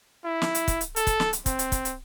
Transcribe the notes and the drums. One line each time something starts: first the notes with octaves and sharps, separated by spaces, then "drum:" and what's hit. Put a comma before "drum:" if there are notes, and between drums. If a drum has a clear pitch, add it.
E4
drum: snare
drum: hi-hat
drum: kick, hi-hat
drum: hi-hat
A4, drum: hi-hat
drum: kick, hi-hat
drum: snare
drum: hi-hat
C4, drum: kick, hi-hat
drum: hi-hat
drum: kick, hi-hat
drum: hi-hat